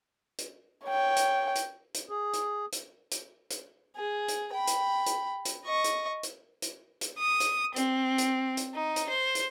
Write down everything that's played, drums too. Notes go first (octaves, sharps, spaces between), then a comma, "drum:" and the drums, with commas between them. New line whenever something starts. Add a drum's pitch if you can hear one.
drum: hi-hat
C#5 G5
drum: hi-hat
drum: hi-hat
drum: hi-hat
G#4
drum: hi-hat
drum: hi-hat
drum: hi-hat
drum: hi-hat
G#4
drum: hi-hat
G5 B5
drum: hi-hat
drum: hi-hat
drum: hi-hat
D#5 C#6
drum: hi-hat
drum: hi-hat
drum: hi-hat
drum: hi-hat
D#6
drum: hi-hat
C4, drum: hi-hat
drum: hi-hat
drum: hi-hat
D#4
drum: hi-hat
C5
drum: hi-hat